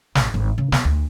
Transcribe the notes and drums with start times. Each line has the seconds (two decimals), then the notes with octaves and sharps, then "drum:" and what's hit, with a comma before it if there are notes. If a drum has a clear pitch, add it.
0.15 A1, drum: snare
0.34 G#1
0.58 C#3
0.72 B3, drum: snare
0.85 D2